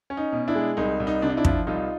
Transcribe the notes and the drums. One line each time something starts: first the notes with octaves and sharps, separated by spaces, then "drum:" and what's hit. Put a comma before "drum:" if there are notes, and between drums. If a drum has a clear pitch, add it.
C#4
D#4
B2
D4 E4
G#3
C2 D#4
C2
D#4
C3 D4
D#4
D4 E4
F3, drum: kick
C2 D#4 F4